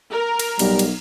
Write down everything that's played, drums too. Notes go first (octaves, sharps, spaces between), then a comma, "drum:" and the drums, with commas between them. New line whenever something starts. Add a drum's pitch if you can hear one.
A#4
drum: cymbal
B1 G3, drum: cymbal
drum: cymbal